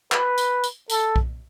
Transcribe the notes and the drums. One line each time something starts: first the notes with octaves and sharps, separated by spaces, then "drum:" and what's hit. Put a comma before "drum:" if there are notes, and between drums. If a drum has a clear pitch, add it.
B4, drum: clap
drum: tambourine
drum: tambourine
A4, drum: tambourine
drum: kick B1